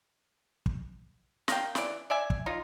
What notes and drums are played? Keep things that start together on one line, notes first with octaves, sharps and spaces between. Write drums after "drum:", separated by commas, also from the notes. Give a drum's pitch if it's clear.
drum: kick
A#4 F5 G5, drum: snare
E3 D5, drum: snare
D5 E5 G#5
drum: kick
D#4 F4